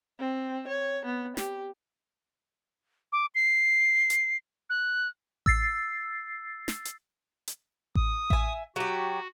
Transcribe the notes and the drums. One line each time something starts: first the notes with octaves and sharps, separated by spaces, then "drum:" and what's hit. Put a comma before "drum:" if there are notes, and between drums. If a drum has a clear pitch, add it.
C4
C#5
B3
G4, drum: snare
D6
C7
drum: hi-hat
F#6
E6 A6 C7, drum: kick A1
drum: snare
drum: hi-hat
drum: hi-hat
D#6, drum: kick A1
E5 G#5, drum: kick A1
F#3 F#4 G4